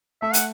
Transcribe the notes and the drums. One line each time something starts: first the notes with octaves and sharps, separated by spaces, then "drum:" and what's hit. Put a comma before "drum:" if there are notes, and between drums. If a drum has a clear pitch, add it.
A3 E5
F#5, drum: hi-hat